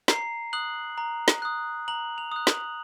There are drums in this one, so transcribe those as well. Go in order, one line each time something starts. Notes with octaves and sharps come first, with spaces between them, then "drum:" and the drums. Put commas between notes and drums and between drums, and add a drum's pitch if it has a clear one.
A#5 C7, drum: snare
D#6 F#6 F#7
A#5
drum: snare
D#6 F#6
A#5 F#7
F7
D#6 F#6
F#7, drum: snare